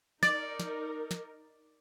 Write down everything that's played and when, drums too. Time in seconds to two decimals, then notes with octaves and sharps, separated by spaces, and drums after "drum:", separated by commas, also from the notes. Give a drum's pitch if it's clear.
0.23 D#4 A#4 D5 A6, drum: snare
0.60 drum: snare
1.11 drum: snare